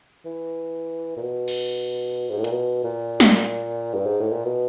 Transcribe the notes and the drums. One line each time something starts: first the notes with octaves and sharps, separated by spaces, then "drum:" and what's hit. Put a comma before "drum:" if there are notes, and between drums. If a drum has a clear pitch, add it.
E3
A#2
B2
drum: cymbal
G#2
A2
A#2, drum: hi-hat
B2
A#2
drum: snare
G2
G#2
A2
A#2
B2